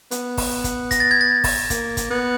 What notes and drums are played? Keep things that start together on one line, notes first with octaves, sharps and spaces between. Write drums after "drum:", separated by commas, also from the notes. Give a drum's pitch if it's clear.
B3, drum: hi-hat
drum: kick, open hi-hat
drum: kick, hi-hat
A#6, drum: kick, hi-hat
A6
G#6
A6
drum: kick, open hi-hat
A#3, drum: kick, hi-hat
drum: kick, hi-hat
B3